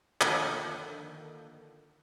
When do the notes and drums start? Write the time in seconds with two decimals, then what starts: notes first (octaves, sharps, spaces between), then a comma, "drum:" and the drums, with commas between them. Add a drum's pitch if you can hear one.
0.21 D3 D#3 F3 A#3, drum: clap